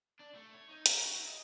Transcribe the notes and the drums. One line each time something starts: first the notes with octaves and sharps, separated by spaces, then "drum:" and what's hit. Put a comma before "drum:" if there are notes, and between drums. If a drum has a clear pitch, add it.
D4
A3
C#5
D#4
A#4, drum: hi-hat
F#4
E4
D#5